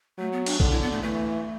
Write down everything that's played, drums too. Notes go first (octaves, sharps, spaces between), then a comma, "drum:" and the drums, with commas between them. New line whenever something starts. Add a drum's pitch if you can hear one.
F#3 A3
B3
D4, drum: cymbal
D3 D4, drum: kick B1
E4
B3
A3
E3 A3